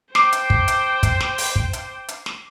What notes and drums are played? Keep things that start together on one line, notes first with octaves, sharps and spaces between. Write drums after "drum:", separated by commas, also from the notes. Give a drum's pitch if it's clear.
C5 G5 D6 C7, drum: snare
drum: hi-hat
drum: kick
drum: hi-hat
drum: kick, hi-hat
drum: snare
drum: open hi-hat
drum: kick
drum: hi-hat
drum: hi-hat
drum: snare